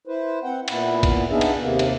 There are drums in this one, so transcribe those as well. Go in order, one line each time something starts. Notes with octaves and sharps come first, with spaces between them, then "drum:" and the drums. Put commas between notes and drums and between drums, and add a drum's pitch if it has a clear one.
E4 B4 C5
C4 F#5 G5
A#2 B3 E4, drum: cymbal
drum: kick, cymbal
B3 D4 D#4 G#4 E5 F5
drum: cymbal
D#2 C3 A#3
drum: cymbal